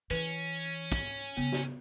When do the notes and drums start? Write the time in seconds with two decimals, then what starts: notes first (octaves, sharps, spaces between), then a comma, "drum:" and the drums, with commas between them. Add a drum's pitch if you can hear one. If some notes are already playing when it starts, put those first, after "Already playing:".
0.11 E3 C#4 B4, drum: hi-hat
0.92 drum: kick, hi-hat
1.37 C#3 A#3 B3
1.52 drum: snare